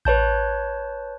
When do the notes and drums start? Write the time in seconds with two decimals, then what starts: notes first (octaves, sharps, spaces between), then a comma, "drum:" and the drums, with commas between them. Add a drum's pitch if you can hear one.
0.05 B4 C#5 A5 G6, drum: kick A1